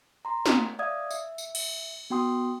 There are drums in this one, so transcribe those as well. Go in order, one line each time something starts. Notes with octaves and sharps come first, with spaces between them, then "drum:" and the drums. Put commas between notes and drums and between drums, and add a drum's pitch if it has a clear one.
A#5 C6
C#5 D#5, drum: snare
D5 E5 F5 D#6 G#6
E5, drum: tambourine
drum: tambourine
drum: cymbal
B3 F#4 G5 C6 D#6